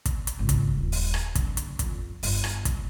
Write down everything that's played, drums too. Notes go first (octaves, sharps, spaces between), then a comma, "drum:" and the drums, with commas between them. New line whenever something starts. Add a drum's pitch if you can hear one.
drum: kick, hi-hat
drum: hi-hat
G#1 C#2
drum: kick, hi-hat
D#1
drum: open hi-hat
drum: rim click
F#1 D3, drum: kick, hi-hat
drum: hi-hat
F2, drum: kick, hi-hat
G1, drum: open hi-hat
drum: rim click
drum: kick, hi-hat